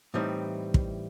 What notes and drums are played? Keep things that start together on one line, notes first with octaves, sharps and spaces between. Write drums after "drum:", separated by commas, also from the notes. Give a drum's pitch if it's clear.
A2 E3 G3 C4 D#4
drum: kick